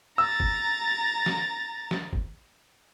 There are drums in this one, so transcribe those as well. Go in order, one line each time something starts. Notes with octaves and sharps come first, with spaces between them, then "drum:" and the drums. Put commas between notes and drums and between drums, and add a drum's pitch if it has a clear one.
A#5 E6 A6
drum: kick
drum: snare
drum: snare
drum: kick